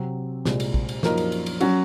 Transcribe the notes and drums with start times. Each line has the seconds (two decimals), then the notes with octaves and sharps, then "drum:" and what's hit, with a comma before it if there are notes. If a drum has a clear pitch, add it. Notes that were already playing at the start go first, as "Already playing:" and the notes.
Already playing: C3 F#3 C4
0.45 C2 A#2 G#3, drum: snare
0.60 drum: cymbal
0.74 drum: kick
0.89 drum: cymbal
1.03 F#2 F3 A#3 D#4 A#4, drum: snare
1.18 drum: cymbal
1.32 drum: cymbal
1.46 drum: cymbal
1.61 F#3 C#4 F#4, drum: cymbal